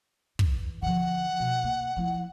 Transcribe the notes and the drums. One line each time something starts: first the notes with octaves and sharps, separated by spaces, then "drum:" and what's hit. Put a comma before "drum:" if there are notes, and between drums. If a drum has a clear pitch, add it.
E3, drum: kick
D3 F3 F#5
B2
A#3
F3 E4